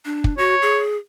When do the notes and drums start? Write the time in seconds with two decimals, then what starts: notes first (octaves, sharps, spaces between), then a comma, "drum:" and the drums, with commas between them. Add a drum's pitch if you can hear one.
0.05 D4
0.24 drum: kick
0.38 F#4 C#5
0.62 G#4